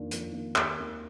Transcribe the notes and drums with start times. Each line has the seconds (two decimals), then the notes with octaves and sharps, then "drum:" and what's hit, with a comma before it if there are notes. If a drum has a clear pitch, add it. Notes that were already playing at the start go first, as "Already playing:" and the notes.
Already playing: F2 D#3 A#3 D4
0.11 F2, drum: hi-hat
0.33 D#3 A#3 D4
0.56 D#2, drum: clap
0.79 D#3 A#3